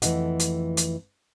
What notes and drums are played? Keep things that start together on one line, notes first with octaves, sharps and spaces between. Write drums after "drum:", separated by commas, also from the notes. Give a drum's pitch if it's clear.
F2 E3 A3 E4 D#5 F#5, drum: hi-hat
drum: hi-hat
drum: hi-hat